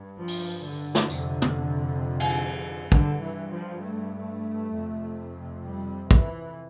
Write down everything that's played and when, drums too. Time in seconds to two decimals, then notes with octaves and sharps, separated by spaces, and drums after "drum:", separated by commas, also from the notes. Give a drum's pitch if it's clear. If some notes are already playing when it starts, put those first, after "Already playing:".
Already playing: G2
0.18 F3
0.28 drum: open hi-hat
0.65 D3
0.95 drum: snare
1.10 F2 C3, drum: tambourine
1.42 drum: tom
2.20 drum: cymbal
2.92 G2 D3, drum: kick
3.22 E3
3.52 F3
3.83 A3
4.73 F2 C3
5.65 G3
6.11 E3, drum: kick